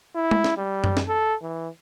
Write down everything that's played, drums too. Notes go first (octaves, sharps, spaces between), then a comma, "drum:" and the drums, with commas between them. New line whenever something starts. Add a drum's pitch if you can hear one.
E4
drum: tom G#3
drum: snare
G3
drum: tom F#2
drum: snare
A4
E3